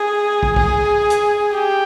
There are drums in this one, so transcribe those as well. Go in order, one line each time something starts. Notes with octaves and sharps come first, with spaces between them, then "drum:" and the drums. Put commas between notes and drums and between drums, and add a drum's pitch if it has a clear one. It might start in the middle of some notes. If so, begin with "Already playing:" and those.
Already playing: G#4
drum: kick
G#4, drum: kick
drum: hi-hat
G4